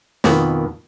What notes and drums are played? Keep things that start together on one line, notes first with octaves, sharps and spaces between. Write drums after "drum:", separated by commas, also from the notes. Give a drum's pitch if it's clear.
F2 B2 D#3 B3, drum: snare